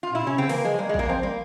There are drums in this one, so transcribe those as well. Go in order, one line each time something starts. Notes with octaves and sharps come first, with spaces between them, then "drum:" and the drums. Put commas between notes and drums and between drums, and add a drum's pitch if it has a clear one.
F4
A#2 E4
C3 C#4
C#3 C4
E3 A#3, drum: open hi-hat
F3 G#3
G3 A#3
G#3
G3, drum: kick
A#3
F3 C4
G3 A#3